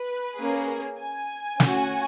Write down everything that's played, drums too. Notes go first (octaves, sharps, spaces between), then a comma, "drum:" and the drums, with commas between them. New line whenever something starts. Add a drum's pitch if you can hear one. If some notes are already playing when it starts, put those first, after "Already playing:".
Already playing: B4
A#3 C#4 G#4
G#5
C#4 F#4, drum: snare